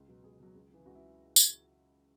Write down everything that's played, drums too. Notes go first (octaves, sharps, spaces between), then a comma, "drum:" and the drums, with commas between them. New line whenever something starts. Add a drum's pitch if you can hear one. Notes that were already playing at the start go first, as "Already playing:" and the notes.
Already playing: C#2
B2 F#3
C#2 G#4
B2 F#3
C#2
C#3 E3
C#2 F#4
E4
drum: tambourine